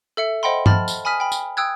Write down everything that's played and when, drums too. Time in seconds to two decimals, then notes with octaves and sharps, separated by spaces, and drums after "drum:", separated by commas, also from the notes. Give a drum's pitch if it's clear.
0.17 A4 E5 C#7
0.43 C5 D#5 F#5 G5 B5 C6
0.66 A5 B5 F6 A6, drum: tom G2
0.88 drum: tambourine
1.05 G#5 B5 D#6 F6 B6 D#7
1.20 G5 B5
1.32 drum: tambourine
1.57 G5 D#6 E6 F#6 G#6